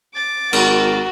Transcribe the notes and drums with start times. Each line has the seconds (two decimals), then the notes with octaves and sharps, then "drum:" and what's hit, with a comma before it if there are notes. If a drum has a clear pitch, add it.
0.14 D6 A6
0.53 G#1 F#4 A#4, drum: cymbal